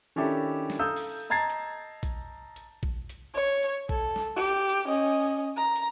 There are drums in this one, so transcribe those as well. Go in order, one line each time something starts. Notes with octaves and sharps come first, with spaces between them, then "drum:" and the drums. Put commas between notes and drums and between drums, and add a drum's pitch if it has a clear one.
D#3 C#4 D4 E4 G4 A4
drum: snare
A4 F5 A#5 D#6 E6 G6
drum: open hi-hat
D#5 A5 A#5 G#6 A6 C7
drum: hi-hat
drum: kick A#1, hi-hat
drum: hi-hat
drum: kick A#1
drum: hi-hat
C#5
drum: hi-hat
A4, drum: kick A#1
drum: snare
G4
drum: hi-hat
C#4 D#5
A#5
drum: hi-hat